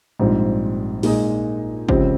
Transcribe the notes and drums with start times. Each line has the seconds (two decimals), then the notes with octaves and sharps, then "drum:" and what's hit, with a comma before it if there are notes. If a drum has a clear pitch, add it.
0.19 A#1 G#2 G3 C4 F4
1.03 A#2 G#3 D#4 G#4 D#5, drum: open hi-hat
1.89 C#2 C#3 F3 C4 G4, drum: kick G1